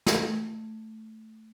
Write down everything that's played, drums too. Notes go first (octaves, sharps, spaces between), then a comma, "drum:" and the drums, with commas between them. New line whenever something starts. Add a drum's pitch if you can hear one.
A3 G#6, drum: snare